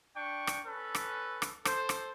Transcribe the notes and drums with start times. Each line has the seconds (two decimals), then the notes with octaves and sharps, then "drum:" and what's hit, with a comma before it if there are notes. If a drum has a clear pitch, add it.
0.15 D4 G5 C#6
0.47 drum: rim click
0.66 C#4 A4 B4
0.95 drum: rim click
1.42 drum: rim click
1.65 A4 C5, drum: rim click
1.89 drum: rim click